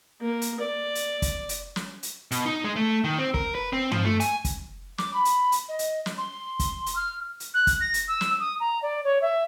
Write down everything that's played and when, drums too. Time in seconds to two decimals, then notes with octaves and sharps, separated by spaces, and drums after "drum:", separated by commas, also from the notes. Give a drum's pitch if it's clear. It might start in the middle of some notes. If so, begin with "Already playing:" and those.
0.21 A#3
0.42 drum: hi-hat
0.60 D5
0.95 drum: hi-hat
1.22 drum: kick, hi-hat
1.49 drum: hi-hat
1.76 drum: snare
2.03 drum: hi-hat
2.31 B2, drum: hi-hat
2.46 D#4
2.64 G#3
2.76 A3
3.04 D#3
3.18 C4
3.34 A#4, drum: kick
3.55 B4
3.73 C4
3.91 F3, drum: tom
4.05 A3
4.20 G#5, drum: hi-hat
4.45 drum: kick, hi-hat
4.98 D6, drum: snare
5.14 B5
5.25 drum: hi-hat
5.52 drum: hi-hat
5.69 D#5
5.79 drum: hi-hat
6.06 drum: snare
6.18 C6
6.59 drum: kick, hi-hat
6.86 drum: hi-hat
6.96 F6
7.40 drum: hi-hat
7.54 F#6
7.67 drum: kick, hi-hat
7.80 A#6
7.94 drum: hi-hat
8.08 E6
8.21 drum: snare
8.40 D#6
8.60 A#5
8.83 D5
9.04 C#5
9.22 E5